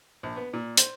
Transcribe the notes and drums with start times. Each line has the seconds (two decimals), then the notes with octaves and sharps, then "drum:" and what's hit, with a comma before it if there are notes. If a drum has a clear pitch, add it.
0.23 A#1
0.36 B3
0.53 A#2
0.77 C5, drum: hi-hat